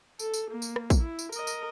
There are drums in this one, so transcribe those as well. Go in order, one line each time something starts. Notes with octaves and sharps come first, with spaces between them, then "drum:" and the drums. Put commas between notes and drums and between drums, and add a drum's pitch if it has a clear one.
A4, drum: tambourine
drum: tambourine
A#3
drum: tambourine
drum: rim click
drum: kick, tambourine
E4
drum: tambourine
A#4 D#5, drum: tambourine
drum: tambourine